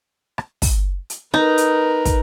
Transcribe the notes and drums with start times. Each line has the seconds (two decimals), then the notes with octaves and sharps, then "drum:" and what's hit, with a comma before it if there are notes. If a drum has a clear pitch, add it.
0.38 drum: rim click
0.62 drum: kick, open hi-hat
1.10 drum: hi-hat
1.34 D#4 A#4 B4, drum: rim click
1.58 drum: hi-hat
2.05 drum: kick, hi-hat